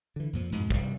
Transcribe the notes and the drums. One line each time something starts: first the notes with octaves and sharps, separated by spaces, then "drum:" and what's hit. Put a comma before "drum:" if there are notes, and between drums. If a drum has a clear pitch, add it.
D3 E3
F2 A#2 F3
F2 G#2 B2 G#3
C2 G3, drum: kick